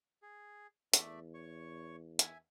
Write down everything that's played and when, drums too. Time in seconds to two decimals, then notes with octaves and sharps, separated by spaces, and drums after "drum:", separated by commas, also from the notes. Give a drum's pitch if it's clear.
0.22 G#4
0.93 E2 A3 D5 E5, drum: hi-hat
1.34 C#5 C#6
2.19 E5 G#5, drum: hi-hat